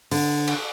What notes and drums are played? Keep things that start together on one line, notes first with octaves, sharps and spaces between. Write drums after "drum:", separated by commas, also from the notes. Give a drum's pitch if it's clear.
D3, drum: open hi-hat
drum: cymbal